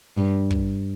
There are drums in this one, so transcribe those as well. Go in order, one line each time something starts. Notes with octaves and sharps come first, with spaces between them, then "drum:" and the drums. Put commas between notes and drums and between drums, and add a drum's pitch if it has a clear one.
G2
drum: kick